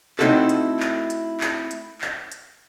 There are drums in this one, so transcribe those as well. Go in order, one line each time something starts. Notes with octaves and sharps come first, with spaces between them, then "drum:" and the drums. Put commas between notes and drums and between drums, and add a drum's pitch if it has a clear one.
A3 C4 D#4 E4 F#4 A4, drum: clap
drum: hi-hat
drum: clap
drum: hi-hat
drum: clap
drum: hi-hat
drum: clap
drum: hi-hat